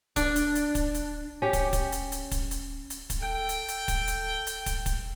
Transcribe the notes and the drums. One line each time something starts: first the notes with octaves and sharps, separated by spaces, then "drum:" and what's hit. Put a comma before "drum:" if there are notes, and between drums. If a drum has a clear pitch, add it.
D4, drum: kick, hi-hat
drum: hi-hat
drum: hi-hat
drum: kick, hi-hat
drum: hi-hat
C#4 G4
drum: kick, hi-hat
drum: kick, hi-hat
drum: hi-hat
drum: hi-hat
drum: kick, hi-hat
drum: hi-hat
drum: hi-hat
drum: kick, hi-hat
A4 G5
drum: hi-hat
drum: hi-hat
drum: kick, hi-hat
drum: hi-hat
drum: hi-hat
drum: kick, hi-hat
drum: kick, hi-hat